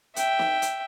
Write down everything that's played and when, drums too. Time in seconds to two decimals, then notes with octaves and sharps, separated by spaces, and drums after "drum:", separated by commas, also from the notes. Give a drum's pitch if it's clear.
0.16 E5 G5, drum: hi-hat
0.39 drum: snare
0.62 drum: hi-hat